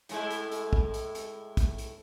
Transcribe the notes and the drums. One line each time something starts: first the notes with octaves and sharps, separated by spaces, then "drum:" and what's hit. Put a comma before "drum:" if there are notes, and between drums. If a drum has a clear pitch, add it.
A2 G#3 E4, drum: hi-hat
drum: hi-hat
drum: hi-hat
drum: kick
drum: hi-hat
drum: hi-hat
drum: kick, hi-hat
drum: hi-hat